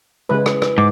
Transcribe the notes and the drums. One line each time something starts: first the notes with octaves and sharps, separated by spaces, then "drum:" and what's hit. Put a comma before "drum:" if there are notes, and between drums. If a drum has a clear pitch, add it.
C#3 E3 G#3 E4 B4
drum: rim click
drum: rim click
G#2 D6